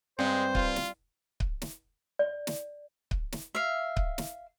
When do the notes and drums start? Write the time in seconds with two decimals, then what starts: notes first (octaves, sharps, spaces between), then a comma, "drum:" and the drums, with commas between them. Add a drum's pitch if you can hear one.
0.19 G2 G#3 C4 C5
0.55 F4, drum: kick C#1
0.76 drum: snare
1.40 drum: kick C#1
1.62 drum: snare
2.19 D5
2.47 drum: snare
3.11 drum: kick C#1
3.32 drum: snare
3.55 E5 F5
3.97 drum: kick C#1
4.18 drum: snare